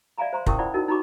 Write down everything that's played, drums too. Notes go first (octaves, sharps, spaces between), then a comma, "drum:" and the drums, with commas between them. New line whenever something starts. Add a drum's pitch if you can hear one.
D5 E5 F5 G#5 A#5 B5
C5 A#5 C6
C#4 E4 A#4 G5 C#6 D#6, drum: kick
E4 F4 C5 D5 F#5 B5
D#4 E4 F#4 A#4 D#5
D#4 F#4 A#5 B5 C#6 D6